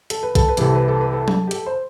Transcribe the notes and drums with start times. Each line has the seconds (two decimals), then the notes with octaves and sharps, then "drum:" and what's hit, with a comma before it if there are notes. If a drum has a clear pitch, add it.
0.10 A4, drum: hi-hat
0.23 B4
0.35 A4, drum: kick B1, hi-hat
0.49 B4
0.57 C2 C3 E3 A4, drum: hi-hat
0.75 B4
0.88 A4
1.01 B4
1.13 A4
1.28 drum: tom F#3
1.48 G4
1.51 A4, drum: hi-hat
1.66 C5